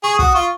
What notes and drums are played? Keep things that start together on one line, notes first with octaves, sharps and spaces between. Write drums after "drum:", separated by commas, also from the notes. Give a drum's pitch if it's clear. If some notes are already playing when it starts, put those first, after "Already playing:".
G#4 C#6
D#6
F#4, drum: kick
D#6
F4 C#6